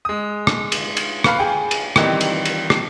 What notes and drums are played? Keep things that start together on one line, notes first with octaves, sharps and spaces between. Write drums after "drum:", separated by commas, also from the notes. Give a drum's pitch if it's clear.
G#3 D#6
drum: rim click
drum: cymbal
drum: cymbal
B4 F5 B5, drum: rim click
G#4 G5
drum: cymbal
D#3 E3 G3 C4 D#4, drum: rim click
drum: cymbal
drum: cymbal
drum: rim click